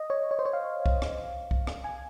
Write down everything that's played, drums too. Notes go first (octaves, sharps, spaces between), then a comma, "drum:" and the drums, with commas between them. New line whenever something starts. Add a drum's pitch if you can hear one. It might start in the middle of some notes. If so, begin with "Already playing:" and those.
Already playing: D#5
C#5
C#5
C5
C#5
F5
drum: kick C2
drum: rim click
drum: kick C2
drum: rim click
G#5